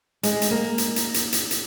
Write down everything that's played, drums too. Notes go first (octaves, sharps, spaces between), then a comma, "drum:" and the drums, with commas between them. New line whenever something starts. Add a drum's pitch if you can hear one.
G#3, drum: hi-hat
drum: hi-hat
A#3
drum: hi-hat
drum: hi-hat
drum: hi-hat
drum: hi-hat
drum: hi-hat